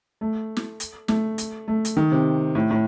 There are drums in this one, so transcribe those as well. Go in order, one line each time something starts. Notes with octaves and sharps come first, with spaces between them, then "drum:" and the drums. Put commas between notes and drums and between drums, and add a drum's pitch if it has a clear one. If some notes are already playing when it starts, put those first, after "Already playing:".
A3
drum: snare
drum: hi-hat
A3, drum: snare
drum: hi-hat
A3
drum: hi-hat
D#3
C3
A2
A2